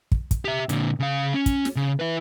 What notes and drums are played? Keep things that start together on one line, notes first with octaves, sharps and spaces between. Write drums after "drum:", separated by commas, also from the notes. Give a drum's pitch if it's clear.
drum: kick
drum: kick, hi-hat
G4 E5
A#2 D3, drum: hi-hat
C#3 F5
C#4
drum: kick, hi-hat
drum: snare
C#3
E4 B4